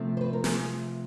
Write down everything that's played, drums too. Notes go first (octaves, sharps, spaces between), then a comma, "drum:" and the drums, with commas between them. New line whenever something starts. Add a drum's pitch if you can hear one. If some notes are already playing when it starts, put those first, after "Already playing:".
Already playing: C3 F3 A3 C4
C5
B4
A#4
G#4, drum: snare